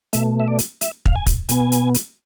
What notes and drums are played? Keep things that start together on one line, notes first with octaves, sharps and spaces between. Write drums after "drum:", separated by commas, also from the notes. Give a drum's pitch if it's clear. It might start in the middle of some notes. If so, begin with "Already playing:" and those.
B2 A3 E5, drum: hi-hat
E5
D5
drum: hi-hat
E5, drum: hi-hat
F5, drum: kick
G#5
drum: kick, hi-hat
B2 B3 G#5, drum: hi-hat
drum: hi-hat
drum: hi-hat